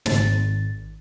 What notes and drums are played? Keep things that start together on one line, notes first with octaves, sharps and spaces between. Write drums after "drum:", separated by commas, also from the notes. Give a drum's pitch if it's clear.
G#1 A6, drum: snare